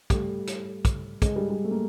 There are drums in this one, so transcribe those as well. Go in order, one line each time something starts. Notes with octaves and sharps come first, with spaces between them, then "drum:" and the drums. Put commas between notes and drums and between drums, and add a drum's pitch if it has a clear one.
G3 A3, drum: kick, hi-hat
drum: hi-hat
drum: kick, hi-hat
G#3, drum: kick, hi-hat
G3
G3
A3
A#3